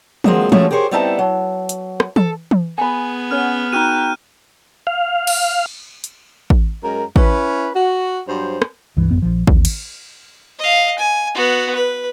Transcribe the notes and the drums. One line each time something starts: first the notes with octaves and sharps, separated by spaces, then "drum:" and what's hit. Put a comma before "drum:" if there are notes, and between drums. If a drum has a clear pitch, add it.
D3 F3 F#3 G#3 A#3 C4, drum: tom E3
F3 F#3 G#3 A3 C#4 E4, drum: tom E3
G4 G#4 A#4 C5 C#5
G3 B3 C4 D#4 E4 A5
F#3
drum: hi-hat
drum: rim click
A4, drum: tom E3
drum: tom E3
B3 G#4 G#5 B5
C#4 C#5 F#5 F6
D#4 F#4 G5 A#5 F6 F#6 D#7
F5
drum: cymbal
drum: hi-hat
drum: kick A1
F#2 G#3 A#4 A#5
C#4 E4 B4, drum: kick A1
F#4
G2 F#3 C5
drum: rim click
C#2 G2 E3
G#1 F#2 B3
A#1 F3
D#2, drum: kick A1
drum: cymbal
D#5 F5
G#5
B3 F#4
B4